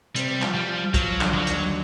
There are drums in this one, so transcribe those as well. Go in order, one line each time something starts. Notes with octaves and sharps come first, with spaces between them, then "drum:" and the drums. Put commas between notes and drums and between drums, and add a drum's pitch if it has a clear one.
C3 G3, drum: hi-hat
F3, drum: clap
G3
F3
F3 F#3, drum: kick, hi-hat
D3, drum: clap
F#3
D#2, drum: hi-hat